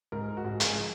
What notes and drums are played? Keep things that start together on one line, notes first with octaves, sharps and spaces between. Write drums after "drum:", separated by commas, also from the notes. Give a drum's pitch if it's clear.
G#2 A#4
F#4
G#2
G#4, drum: hi-hat
F3